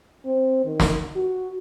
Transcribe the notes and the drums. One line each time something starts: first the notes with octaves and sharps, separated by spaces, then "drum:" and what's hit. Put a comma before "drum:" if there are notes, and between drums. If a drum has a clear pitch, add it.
C4
D#3
drum: snare
F#4